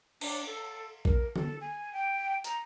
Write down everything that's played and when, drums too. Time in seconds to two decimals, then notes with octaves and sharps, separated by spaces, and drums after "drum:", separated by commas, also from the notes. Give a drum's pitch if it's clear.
0.21 D4, drum: cymbal
0.47 A4
1.05 A#4, drum: kick A1
1.36 A4, drum: tom D3
1.61 G#5
1.93 G5
2.44 A#5, drum: hi-hat